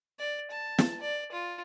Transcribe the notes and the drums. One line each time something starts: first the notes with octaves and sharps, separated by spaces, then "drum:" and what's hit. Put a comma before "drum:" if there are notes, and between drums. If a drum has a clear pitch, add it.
D5
A5
drum: snare
D5
F4